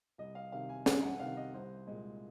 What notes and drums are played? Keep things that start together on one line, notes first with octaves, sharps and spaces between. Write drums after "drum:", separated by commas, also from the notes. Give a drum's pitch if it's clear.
C2 D#5
F5
C3 D#3 F5
G#5
C2 G#5, drum: snare C#4
F#5
C3 D#3 F5
D#5
C2 C5
A#2 G#3